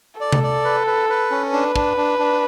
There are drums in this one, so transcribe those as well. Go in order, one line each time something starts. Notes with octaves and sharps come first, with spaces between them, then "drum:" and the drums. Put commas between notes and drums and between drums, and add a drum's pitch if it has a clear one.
A4 D5
drum: tom C3
D5
B4
B4
B4
C#4
D4 B4
D4, drum: kick
D4
D4